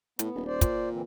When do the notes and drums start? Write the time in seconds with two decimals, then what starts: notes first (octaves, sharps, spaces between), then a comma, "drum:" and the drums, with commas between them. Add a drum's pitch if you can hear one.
0.19 A2 B3, drum: hi-hat
0.35 D#1
0.46 C5 D5
0.61 A#2, drum: kick, hi-hat
0.91 D3 E3 C4